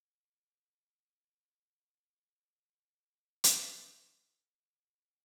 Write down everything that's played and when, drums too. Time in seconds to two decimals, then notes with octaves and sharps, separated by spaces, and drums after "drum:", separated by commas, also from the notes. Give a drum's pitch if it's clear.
0.24 B1 C3 A#3 G#4
3.44 drum: hi-hat
4.07 A#4 C#6 D6 E6
4.52 A5 A#6
4.85 G4 C#5
5.05 D4